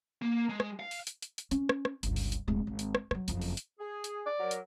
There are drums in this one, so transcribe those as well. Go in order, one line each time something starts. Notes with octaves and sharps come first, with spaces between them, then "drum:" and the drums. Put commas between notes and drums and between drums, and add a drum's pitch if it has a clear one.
A#3
G#3
drum: rim click
F5
drum: open hi-hat
drum: hi-hat
drum: hi-hat
drum: hi-hat
C#4, drum: hi-hat
drum: rim click
drum: rim click
G1 C#2, drum: hi-hat
drum: open hi-hat
drum: hi-hat
D1 G#3
G#1
drum: hi-hat
drum: rim click
F3 F#3, drum: rim click
F#1 F2, drum: hi-hat
drum: open hi-hat
drum: hi-hat
G#4
drum: hi-hat
D5
F#3 A#4
drum: hi-hat